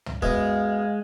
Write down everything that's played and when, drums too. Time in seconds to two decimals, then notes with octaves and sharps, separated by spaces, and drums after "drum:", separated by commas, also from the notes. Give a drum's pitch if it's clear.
0.06 drum: tom
0.22 F#2 G#3 B3 F5, drum: kick